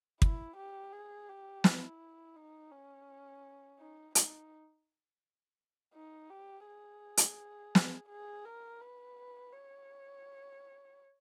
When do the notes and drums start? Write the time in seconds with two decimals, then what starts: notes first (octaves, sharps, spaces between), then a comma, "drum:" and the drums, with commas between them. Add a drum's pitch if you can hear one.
0.22 E4, drum: kick
0.56 G4
0.93 G#4
1.29 G4
1.64 E4, drum: snare
2.36 D#4
2.71 C#4
3.79 D#4
4.15 D#4, drum: hi-hat
5.94 D#4
6.30 G4
6.66 G#4
7.17 drum: hi-hat
7.75 drum: snare
8.08 G#4
8.45 A#4
8.81 B4
9.53 C#5